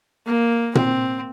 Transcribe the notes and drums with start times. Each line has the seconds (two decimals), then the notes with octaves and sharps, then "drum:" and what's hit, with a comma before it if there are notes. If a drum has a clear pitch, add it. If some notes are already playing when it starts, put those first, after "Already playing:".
0.26 A#3
0.75 C4, drum: tom A#2